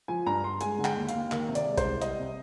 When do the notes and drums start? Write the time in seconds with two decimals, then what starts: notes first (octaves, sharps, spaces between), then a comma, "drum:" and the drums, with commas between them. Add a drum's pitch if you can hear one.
0.08 F3 G#5
0.26 G2 A#5
0.44 G2 C6
0.61 G#3 G#5, drum: hi-hat
0.79 D3
0.84 G5, drum: clap
0.97 D#2
1.09 F5, drum: hi-hat
1.14 D#2
1.32 D#3, drum: clap
1.49 C3
1.55 D5, drum: hi-hat
1.66 G#3
1.78 C5, drum: kick A1, hi-hat
1.84 C2
2.02 G3 D#5, drum: hi-hat
2.19 C3